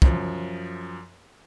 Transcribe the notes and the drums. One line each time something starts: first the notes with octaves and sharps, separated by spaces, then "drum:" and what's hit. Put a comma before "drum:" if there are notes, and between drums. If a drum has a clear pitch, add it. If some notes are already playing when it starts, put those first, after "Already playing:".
F#2 F3, drum: kick